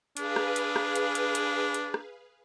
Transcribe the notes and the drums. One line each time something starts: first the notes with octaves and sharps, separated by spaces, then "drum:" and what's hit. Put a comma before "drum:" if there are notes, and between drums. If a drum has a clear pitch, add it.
D4 G#4 B4 F5, drum: hi-hat
drum: rim click
drum: hi-hat
drum: rim click
drum: hi-hat
drum: hi-hat
drum: hi-hat
drum: hi-hat
drum: rim click